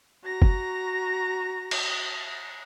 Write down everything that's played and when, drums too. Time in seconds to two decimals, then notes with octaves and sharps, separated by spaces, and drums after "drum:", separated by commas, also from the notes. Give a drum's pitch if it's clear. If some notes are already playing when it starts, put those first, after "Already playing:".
0.24 F#4 A#5 A#6
0.42 drum: kick
1.71 drum: cymbal